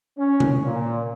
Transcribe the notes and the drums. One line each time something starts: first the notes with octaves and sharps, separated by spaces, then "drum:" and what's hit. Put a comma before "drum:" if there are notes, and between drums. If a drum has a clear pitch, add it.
C#4
drum: tom C3
A#2